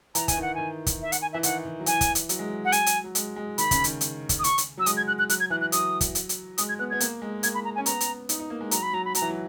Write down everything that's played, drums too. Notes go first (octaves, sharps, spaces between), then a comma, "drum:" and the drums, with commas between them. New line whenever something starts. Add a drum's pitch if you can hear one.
E3 A#5, drum: hi-hat
E3 G#5, drum: kick, hi-hat
D#3
F#5
D#3 G#5
drum: kick, hi-hat
E5
F#5, drum: hi-hat
G#5
E3 E5
D#3 F#5, drum: hi-hat
D#3
F#3
E3 G#5, drum: hi-hat
drum: kick, hi-hat
drum: hi-hat
F#3, drum: hi-hat
G#3
F#3
F#5
G#5, drum: hi-hat
drum: hi-hat
F#3
G#3, drum: hi-hat
G#3
D#3 B5, drum: hi-hat
C#3, drum: kick, hi-hat
D#3, drum: hi-hat
drum: hi-hat
drum: kick, hi-hat
D#6
C#6, drum: hi-hat
drum: hi-hat
F#3 E6
G#3 D#6, drum: hi-hat
G#6
F#6
F#6
F#3 F#6, drum: hi-hat
G#6
E3 F#6
F#6
F#3 D#6, drum: hi-hat
drum: kick, hi-hat
drum: hi-hat
drum: hi-hat
G#3 D#6, drum: hi-hat
G#6
B3 F#6
B3 G#6
A#3, drum: hi-hat
G#3
A#3 G#6, drum: hi-hat
B5
A#5
G#5
C#4
B3 A#5, drum: hi-hat
drum: hi-hat
D#4, drum: hi-hat
D#4
A#3
G#3
F#3 A#5, drum: hi-hat
B5
F#3 A#5
B5
F#3 A#5, drum: hi-hat
E3
F#3